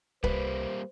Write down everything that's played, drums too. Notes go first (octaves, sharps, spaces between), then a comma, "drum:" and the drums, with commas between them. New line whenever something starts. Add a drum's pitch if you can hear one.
C2 G3 A#3 B4 C5, drum: kick C#1